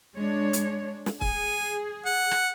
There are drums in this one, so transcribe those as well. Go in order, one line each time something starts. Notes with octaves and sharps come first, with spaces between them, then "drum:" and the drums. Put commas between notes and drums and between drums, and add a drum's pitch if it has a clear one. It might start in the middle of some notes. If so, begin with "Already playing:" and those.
G#3 D4 C#5
drum: hi-hat
drum: snare
G#4 G#5, drum: kick
F#5
drum: rim click